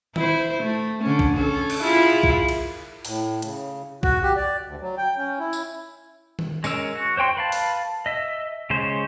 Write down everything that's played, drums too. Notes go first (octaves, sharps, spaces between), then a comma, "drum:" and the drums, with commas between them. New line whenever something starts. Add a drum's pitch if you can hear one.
E4 C5, drum: tom D#3
A3
D3 C#4
drum: kick
C#4 A4
drum: cymbal
E4 F4 G#4
drum: kick
drum: cymbal
A2, drum: open hi-hat
C#3, drum: hi-hat
F#4, drum: kick
G4
D5
D2
F#3
G5
C#4
E4
drum: tambourine
drum: tom D#3
G#3 C#4 A#4 E6, drum: tambourine
F#4
C5 C#5 G5 C6
B4 F5 A5
drum: open hi-hat
D#5 E5
C#3 G#3 C#4 C5